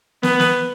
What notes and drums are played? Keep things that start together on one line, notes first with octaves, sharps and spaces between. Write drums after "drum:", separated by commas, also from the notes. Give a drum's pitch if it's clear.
B3, drum: snare
drum: snare